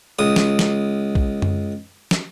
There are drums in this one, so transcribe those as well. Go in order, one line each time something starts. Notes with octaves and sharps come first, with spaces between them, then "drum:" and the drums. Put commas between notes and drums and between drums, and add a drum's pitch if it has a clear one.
C#2 D#6
drum: snare
drum: snare
drum: kick B1
drum: tom F#2
drum: snare